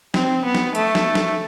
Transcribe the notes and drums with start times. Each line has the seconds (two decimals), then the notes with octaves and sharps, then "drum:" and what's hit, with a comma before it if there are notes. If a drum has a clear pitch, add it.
0.14 C4, drum: snare
0.44 B3
0.55 drum: snare
0.75 A3, drum: hi-hat
0.95 drum: snare
1.15 drum: snare